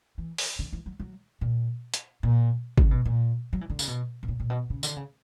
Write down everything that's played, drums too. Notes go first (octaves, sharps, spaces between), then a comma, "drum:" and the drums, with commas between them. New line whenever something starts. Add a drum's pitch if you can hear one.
E3
drum: open hi-hat
D3
E3
F#3
F#3
A#2
drum: hi-hat
A#2
C#3, drum: kick G#1
B2
A#2
F#3
E3
D3
C#3, drum: tambourine
B2
B2
A#2
A#2
B2
C#3
D3, drum: tambourine
C#3